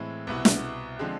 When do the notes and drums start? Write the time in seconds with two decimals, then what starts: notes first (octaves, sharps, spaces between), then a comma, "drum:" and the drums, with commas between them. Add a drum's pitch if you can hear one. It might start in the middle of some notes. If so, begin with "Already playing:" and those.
Already playing: A2 E3 G#3 C4 E4
0.27 C2 B2 B3 E4
0.45 drum: snare
0.99 D3 F3 G#3 C4